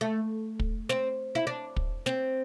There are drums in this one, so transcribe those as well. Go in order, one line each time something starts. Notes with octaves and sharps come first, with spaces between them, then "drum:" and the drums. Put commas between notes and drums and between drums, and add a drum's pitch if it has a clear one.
A3
drum: kick
C4, drum: snare
E4
D4
drum: kick
C4, drum: snare